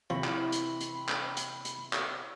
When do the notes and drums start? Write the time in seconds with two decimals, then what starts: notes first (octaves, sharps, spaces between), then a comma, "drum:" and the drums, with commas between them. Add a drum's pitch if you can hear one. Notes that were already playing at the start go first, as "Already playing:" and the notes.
0.10 C3 E3 F3 C4 B5 C#6
0.24 drum: clap
0.52 drum: hi-hat
0.81 drum: hi-hat
1.09 drum: clap
1.37 drum: hi-hat
1.65 drum: hi-hat
1.93 drum: clap